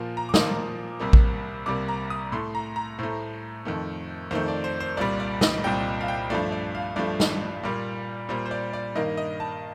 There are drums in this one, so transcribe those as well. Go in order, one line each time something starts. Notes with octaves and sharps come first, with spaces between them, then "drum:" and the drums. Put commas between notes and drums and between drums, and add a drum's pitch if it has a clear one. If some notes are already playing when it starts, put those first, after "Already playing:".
Already playing: A#2 F3 A#3
A#5
D6
A#2 F3 A#3 D#6, drum: snare
C2 C3 G3 A#3
drum: kick A1
C2 C3 G3 A#3 D6
A#5
D#6
A2 A3 C6
A#5
A#5
A2 A3 C5
F2 D#3 A3
F2 D#3 A3 C5
D5
C5
C5
C2 A#2 G3 D5
D5
D#5, drum: snare
C2 A#2 G3 G5
F5
G5
G2 F3 A3 D5
D5
F5
G2 F3 A3 D5
drum: snare
A#2 G3 A#3
A#2 G3 A#3 C5
C5
D5
D5
G2 D#3 A#3 D#5
D#5
A5